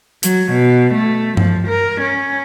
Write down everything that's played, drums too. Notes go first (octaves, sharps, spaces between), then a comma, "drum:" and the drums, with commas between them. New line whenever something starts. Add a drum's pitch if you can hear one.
F#3, drum: hi-hat
B2
A3
F3, drum: tom G2
A#4
C#4